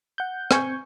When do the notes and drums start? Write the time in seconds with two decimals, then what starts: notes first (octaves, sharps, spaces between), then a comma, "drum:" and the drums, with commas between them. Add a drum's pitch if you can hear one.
0.18 F#5 G6
0.51 C4 G#5 C#6 G6, drum: rim click